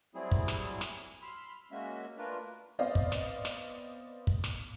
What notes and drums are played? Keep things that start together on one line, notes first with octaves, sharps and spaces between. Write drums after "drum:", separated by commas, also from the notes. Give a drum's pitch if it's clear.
F#3 G3 A3 C4 E4 G#4
drum: kick
drum: snare
drum: snare
B5 C6 E6 F6
G#3 A#3 C#4 F#4 E5
A3 A#3 D4 F4 A#4 B4
B3 C4 C5 D5 D#5 F5
drum: kick
drum: snare
drum: snare
drum: kick
drum: snare